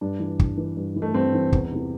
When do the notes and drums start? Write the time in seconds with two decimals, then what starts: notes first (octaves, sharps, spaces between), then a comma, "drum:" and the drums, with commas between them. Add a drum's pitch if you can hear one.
0.01 G2 D4
0.20 E3
0.39 G2, drum: kick
0.57 E3
0.77 G2
0.96 E3
1.02 A3
1.14 G2 C4
1.34 E3
1.52 E2, drum: kick
1.71 C3 E3